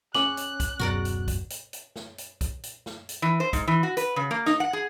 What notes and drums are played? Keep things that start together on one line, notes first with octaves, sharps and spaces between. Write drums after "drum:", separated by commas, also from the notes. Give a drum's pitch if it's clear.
C#4 D6 F#6 F#7, drum: snare
drum: hi-hat
drum: kick, hi-hat
D1 F#2 B2 F#4 A#4 D5
drum: hi-hat
drum: kick, hi-hat
drum: hi-hat
drum: hi-hat
drum: snare
drum: hi-hat
drum: kick, hi-hat
drum: hi-hat
drum: snare
drum: hi-hat
E3
C5
G#2, drum: kick, hi-hat
E3
F#4
B4, drum: hi-hat
C#3
A#3
D#4, drum: snare
F#5
G#4